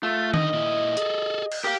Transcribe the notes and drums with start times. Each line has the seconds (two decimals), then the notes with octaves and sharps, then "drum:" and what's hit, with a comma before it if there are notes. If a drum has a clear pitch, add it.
0.03 A3 F4
0.34 D3 D#4 D#5, drum: tom D#3
0.52 A#2 E4
0.97 G#4 A4, drum: hi-hat
1.52 drum: cymbal
1.64 G4 A#4 F5